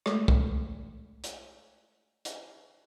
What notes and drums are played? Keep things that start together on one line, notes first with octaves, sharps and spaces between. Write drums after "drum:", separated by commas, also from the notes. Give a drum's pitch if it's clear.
G#3 A3 A4, drum: rim click
drum: kick
drum: hi-hat
drum: hi-hat